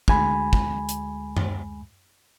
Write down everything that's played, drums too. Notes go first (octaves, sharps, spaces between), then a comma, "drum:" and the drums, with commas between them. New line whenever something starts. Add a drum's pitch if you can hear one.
D2 G#3 G#5 B5, drum: kick
drum: kick
drum: hi-hat
drum: tom F#2